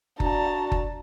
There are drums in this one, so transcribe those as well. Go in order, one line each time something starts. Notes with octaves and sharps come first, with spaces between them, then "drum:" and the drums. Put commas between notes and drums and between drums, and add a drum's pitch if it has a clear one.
D4 F#4 A5 A#5, drum: kick F#1
drum: kick F#1